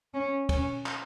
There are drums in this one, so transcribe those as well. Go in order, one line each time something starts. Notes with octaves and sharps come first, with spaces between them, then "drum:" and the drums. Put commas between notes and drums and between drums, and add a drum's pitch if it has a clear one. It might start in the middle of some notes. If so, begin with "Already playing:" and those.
C#4
C#4, drum: kick, cymbal
drum: clap